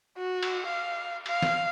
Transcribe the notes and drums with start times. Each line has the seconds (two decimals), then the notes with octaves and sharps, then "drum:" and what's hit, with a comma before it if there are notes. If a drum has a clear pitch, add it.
0.17 F#4
0.43 drum: cymbal
0.67 F5
1.26 F5, drum: cymbal
1.42 drum: snare